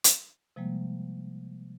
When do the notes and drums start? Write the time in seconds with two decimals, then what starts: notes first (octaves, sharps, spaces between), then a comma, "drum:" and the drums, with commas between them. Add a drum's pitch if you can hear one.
0.04 drum: hi-hat
0.56 C3 F3 G3 G#3 A#3